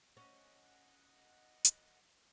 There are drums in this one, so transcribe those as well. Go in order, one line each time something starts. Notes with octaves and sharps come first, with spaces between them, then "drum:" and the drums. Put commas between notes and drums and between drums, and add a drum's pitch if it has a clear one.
C#4 D#5 F#5
drum: hi-hat